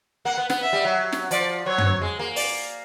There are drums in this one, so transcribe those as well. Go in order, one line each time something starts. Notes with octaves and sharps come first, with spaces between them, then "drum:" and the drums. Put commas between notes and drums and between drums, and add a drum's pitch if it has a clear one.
A#3 F#5
B3
B3, drum: snare
E5
G3
F#3
drum: snare
F3 D5, drum: hi-hat
F#3 C#5
drum: tom
G#3
A#3
D5, drum: open hi-hat